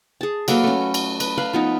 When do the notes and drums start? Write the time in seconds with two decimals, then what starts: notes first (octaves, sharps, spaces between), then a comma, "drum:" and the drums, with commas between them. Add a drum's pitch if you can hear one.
0.21 G#4 A5
0.48 F#3 A#3 A4 B4, drum: cymbal
0.63 A3 C#4
0.94 drum: cymbal
1.20 B4, drum: cymbal
1.38 B4 F5 B5
1.53 F3 B3 D#4